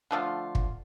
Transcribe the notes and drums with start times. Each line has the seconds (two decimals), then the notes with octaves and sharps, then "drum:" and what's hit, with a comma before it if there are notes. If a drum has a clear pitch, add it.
0.11 D3 F3 A3 F4
0.55 drum: kick